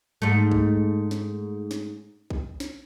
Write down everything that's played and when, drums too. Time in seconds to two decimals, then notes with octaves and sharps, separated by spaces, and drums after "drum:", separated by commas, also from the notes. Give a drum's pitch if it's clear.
0.22 G#2 A3
0.51 drum: kick A#1
1.11 drum: snare
1.71 drum: snare
2.30 drum: kick A#1
2.60 drum: snare